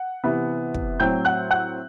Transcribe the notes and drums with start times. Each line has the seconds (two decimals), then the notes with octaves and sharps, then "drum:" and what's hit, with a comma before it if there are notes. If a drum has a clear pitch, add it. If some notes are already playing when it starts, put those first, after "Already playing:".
Already playing: F#5
0.24 C3 E3 B3
0.74 drum: kick
0.99 A2 F#3 C4 G5 G6
1.25 F#5 F#6
1.51 F#5 F#6